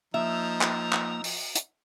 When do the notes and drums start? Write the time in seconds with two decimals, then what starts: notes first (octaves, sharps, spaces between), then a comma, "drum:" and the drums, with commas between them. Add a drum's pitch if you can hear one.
0.14 F3 A#3 D#4 E5 E6
0.61 drum: clap
0.93 drum: clap
1.24 drum: open hi-hat
1.55 drum: hi-hat